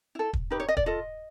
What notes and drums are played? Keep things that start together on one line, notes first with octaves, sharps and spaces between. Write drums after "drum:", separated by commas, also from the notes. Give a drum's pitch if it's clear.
E4 A4
drum: kick
D#4 G4 B4
C#5
D#5
D5, drum: kick
F4 A4 D#5